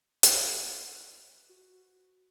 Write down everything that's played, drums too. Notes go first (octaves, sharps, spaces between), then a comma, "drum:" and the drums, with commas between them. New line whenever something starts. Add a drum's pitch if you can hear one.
B4 C5, drum: hi-hat
F#4